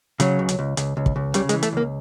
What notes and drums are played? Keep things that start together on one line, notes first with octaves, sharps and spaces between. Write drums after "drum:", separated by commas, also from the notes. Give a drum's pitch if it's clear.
C#3 F#3, drum: hi-hat
C#2
drum: hi-hat
C#2
C#2, drum: hi-hat
C#2
drum: kick
C#2
C#3 G3, drum: hi-hat
G#3, drum: hi-hat
E3
A3, drum: hi-hat
C#2 A#3